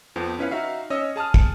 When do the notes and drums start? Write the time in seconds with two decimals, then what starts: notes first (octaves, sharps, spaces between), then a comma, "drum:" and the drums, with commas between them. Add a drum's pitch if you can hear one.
0.16 F2 F3 B3
0.39 C#4 E4 B4 C#5 F5
0.51 D#4 F#4 E5 F5
0.90 C#4 C#5 D#5 E6
1.16 G#4 A5 D#6 F6
1.34 drum: kick